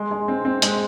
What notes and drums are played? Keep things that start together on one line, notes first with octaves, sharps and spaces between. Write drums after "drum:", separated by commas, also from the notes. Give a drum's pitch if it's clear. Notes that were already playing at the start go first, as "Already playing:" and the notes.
Already playing: G#3 C6
G#3
C4
C4
G#3, drum: hi-hat